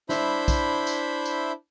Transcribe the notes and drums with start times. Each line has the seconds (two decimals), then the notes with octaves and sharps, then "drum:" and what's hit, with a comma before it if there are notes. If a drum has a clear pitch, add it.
0.09 D4 E4 C5 E5 B5 G6, drum: snare
0.48 drum: kick B1, tambourine
0.87 drum: tambourine
1.26 drum: tambourine